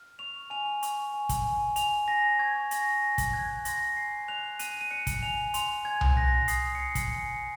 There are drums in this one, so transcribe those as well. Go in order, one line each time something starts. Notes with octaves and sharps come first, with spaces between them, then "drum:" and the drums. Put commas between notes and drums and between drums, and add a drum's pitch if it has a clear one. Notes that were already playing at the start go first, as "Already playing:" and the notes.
Already playing: F6
C#6 F7
G#5 F7
C#6, drum: hi-hat
G#5
drum: kick, hi-hat
G#5
G#5 F7, drum: hi-hat
G#5 A#6
C#6 G#6
G#5 A#6, drum: hi-hat
G#5 A#6
drum: kick, hi-hat
F#6 G#6
C6 A#6, drum: hi-hat
G#5 C7
F#6 F7
F#6 D#7, drum: hi-hat
D#7
F#6 C#7
drum: kick, hi-hat
G#5 F7
C6 F7, drum: hi-hat
G#5 G#6
drum: tom C2
F#6 A#6
D#6 C7, drum: hi-hat
C#7
D#6 C7
drum: kick, hi-hat
G#5 C#7